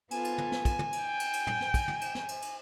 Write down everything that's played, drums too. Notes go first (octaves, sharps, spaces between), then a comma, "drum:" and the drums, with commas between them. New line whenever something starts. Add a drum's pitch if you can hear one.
B3 F4 A4 G#5, drum: cymbal
drum: cymbal
drum: tom
drum: snare
drum: kick, cymbal
drum: tom
drum: cymbal
G5
drum: cymbal
drum: cymbal
drum: tom
drum: snare
drum: kick, cymbal
drum: tom
drum: cymbal
drum: snare
drum: cymbal
drum: cymbal